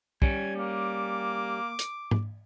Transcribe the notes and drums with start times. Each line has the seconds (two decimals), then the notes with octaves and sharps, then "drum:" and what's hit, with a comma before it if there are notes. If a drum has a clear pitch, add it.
0.22 G3 C#4 G#6, drum: kick
0.56 A#3 D6
1.79 drum: hi-hat
2.11 drum: tom G#2